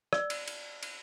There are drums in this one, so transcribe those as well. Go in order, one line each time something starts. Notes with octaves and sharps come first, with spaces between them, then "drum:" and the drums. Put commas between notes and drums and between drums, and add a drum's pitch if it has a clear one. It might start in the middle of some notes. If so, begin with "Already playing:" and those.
D5 E6, drum: rim click
drum: cymbal
drum: cymbal
drum: cymbal